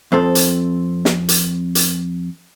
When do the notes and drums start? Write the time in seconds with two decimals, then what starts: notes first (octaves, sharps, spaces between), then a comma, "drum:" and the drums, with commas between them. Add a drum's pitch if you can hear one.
0.12 F2 C4 A4
0.35 drum: hi-hat
1.05 drum: snare
1.29 drum: hi-hat
1.75 drum: hi-hat